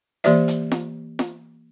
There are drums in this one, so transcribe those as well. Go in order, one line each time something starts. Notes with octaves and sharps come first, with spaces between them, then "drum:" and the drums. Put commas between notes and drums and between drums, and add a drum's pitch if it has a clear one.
E3 A#3 G4 C5 D5 E5, drum: hi-hat
drum: hi-hat
drum: snare
drum: snare